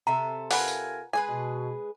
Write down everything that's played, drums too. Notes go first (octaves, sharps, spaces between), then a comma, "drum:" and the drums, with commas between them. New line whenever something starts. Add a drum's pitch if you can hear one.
C3 A4 E5 A#5
F4 A#4 B4 F#5 G#5, drum: open hi-hat
drum: tambourine
G#3 G#4 B4 G#5
B2